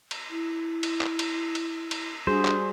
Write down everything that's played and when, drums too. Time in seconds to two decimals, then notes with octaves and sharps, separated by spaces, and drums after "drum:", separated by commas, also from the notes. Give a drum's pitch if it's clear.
0.11 drum: cymbal
0.30 E4
0.83 drum: cymbal
1.01 drum: clap
1.19 drum: cymbal
1.55 drum: cymbal
1.91 drum: cymbal
2.27 G3 D4 F#4 G#4 C5
2.45 drum: clap